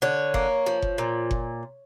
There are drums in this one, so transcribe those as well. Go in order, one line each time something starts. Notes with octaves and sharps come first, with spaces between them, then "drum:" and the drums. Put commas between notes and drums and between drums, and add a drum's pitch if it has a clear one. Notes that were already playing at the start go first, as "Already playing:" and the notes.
D3 C#5
A#3, drum: kick F#1
F3
drum: kick F#1
A#2
drum: kick F#1